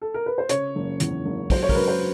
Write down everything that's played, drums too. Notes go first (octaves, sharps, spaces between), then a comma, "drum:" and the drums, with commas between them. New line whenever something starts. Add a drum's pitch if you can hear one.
A4
A#4
B4
C5
C#3 C#5, drum: hi-hat
F#1
E2, drum: hi-hat
F#1
F#3 C5, drum: kick, open hi-hat
C#5
A#4, drum: kick, open hi-hat
F#2 B4
C5